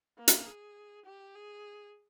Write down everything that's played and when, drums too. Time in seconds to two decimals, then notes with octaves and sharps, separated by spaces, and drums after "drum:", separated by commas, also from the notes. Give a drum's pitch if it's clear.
0.18 A#3
0.28 drum: hi-hat
0.46 G#4
1.06 G4
1.35 G#4